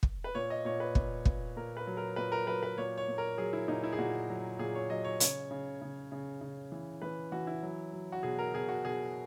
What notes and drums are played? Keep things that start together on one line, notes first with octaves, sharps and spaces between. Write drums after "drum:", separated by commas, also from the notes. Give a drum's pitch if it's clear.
drum: kick
B4
A#2 C#5
D#5
A#2 C#5
B4
A#2, drum: kick
A#2, drum: kick
A#2 A#4
B4
F#3
A#4
A#2 B4
A#4
F#3 B4
B4
A#2 C#5
C#5
A#2
A#4
F#3 G#4
E4
A#2 D#4
E4
G#4
A#2 F#4
F#3
A#2 G#4
C#5
F#3 D#5
C#5
C#3 C#5, drum: hi-hat
C#3
C#3
C#3
C#3
E3
E3 B4
E3 F#4
E4
F#3
F#3
F#4
B2 G#4
A#4
B2 G#4
F#4
B2 G#4